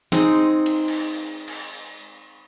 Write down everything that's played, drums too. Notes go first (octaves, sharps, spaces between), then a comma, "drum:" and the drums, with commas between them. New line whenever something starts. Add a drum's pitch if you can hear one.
G#3 C4 D#4, drum: snare
drum: cymbal
drum: cymbal
drum: cymbal